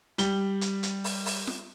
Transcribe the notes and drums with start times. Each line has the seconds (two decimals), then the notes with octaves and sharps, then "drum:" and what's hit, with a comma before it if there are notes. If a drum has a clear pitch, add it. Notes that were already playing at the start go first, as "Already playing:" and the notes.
0.18 G3 G7, drum: hi-hat
0.61 drum: hi-hat
0.83 drum: hi-hat
1.04 drum: open hi-hat
1.26 drum: open hi-hat
1.47 drum: snare F4